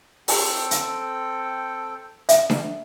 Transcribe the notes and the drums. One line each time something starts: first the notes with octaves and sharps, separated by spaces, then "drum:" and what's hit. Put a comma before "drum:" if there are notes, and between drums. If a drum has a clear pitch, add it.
C4 A4 G5, drum: open hi-hat
drum: hi-hat
E5, drum: hi-hat
drum: snare D4